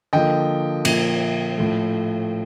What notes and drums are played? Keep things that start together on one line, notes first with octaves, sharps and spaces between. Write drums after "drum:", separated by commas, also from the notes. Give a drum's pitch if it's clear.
D3 F3 A#3 D#5 G5
A#2 F3 A#3, drum: cymbal
A2 F3 A3